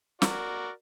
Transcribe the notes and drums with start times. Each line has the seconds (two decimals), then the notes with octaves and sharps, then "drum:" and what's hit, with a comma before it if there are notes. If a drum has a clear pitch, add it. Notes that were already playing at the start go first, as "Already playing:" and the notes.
0.22 F#4 A#4 D5, drum: snare